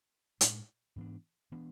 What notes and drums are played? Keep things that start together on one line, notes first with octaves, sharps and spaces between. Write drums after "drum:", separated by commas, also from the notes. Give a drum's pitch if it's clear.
A2 G#3 D4, drum: hi-hat
G#2 E3 B3 D4
E3 B3 D4